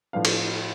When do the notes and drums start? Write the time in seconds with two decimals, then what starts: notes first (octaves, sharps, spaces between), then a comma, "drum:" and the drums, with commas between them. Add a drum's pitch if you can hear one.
0.13 A2 F3 B3 D4 F5
0.25 drum: cymbal